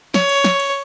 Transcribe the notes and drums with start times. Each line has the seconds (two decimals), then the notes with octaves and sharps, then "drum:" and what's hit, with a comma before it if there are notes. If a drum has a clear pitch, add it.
0.14 C#5, drum: snare
0.29 drum: cymbal
0.44 drum: snare
0.60 drum: cymbal